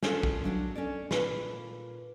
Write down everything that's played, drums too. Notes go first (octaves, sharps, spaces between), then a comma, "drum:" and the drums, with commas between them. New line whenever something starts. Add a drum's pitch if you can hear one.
C#4 D4 F4 A4 A#4, drum: snare
drum: kick
F#3 D4 F#5
C#4 A4 D5
A#2 F4 B4, drum: snare